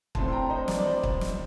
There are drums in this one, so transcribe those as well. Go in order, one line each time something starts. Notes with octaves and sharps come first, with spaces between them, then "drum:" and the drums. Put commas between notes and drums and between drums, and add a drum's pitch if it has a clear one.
A2 A3 C4 A5 C6, drum: kick
C6
G5 A#5
C5 D#5
D5, drum: snare
D5
C5
drum: kick
drum: snare